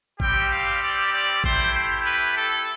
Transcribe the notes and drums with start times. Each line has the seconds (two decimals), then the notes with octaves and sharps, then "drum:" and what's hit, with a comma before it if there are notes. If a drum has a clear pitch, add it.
0.20 G3 C4 G4 G5, drum: kick A1
0.51 F5
0.82 D5
1.13 D5
1.44 A3 E4 G4 C5, drum: kick A1
1.75 C5
2.05 B4
2.36 A4